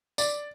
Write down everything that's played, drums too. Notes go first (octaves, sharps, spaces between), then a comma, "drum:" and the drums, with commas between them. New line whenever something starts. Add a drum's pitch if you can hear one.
D5, drum: tambourine